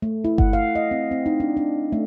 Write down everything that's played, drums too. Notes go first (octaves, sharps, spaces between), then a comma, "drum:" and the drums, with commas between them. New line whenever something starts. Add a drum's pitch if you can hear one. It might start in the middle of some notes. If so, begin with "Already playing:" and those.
A3
E4
F#5, drum: kick G1
F5
D#5
C4
C4
D#4
D4
D4
A3